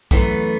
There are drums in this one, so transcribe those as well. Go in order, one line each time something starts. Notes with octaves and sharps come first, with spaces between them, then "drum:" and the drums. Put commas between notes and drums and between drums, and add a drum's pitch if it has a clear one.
F#2 E3 A3 B3, drum: kick